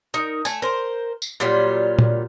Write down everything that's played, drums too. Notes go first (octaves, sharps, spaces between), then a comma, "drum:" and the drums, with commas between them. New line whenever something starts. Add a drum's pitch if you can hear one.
D#4 A#4
A3 G#5, drum: tambourine
A#4 C5
drum: tambourine
A#2 F#3 G3 F4
drum: tom A#2